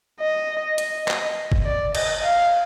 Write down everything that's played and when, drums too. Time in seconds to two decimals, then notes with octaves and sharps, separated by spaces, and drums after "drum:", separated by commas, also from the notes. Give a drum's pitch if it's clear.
0.20 D#5
0.78 D#5, drum: hi-hat
1.08 D#5, drum: clap
1.52 drum: kick
1.65 D5
1.95 D#5, drum: cymbal
2.24 F5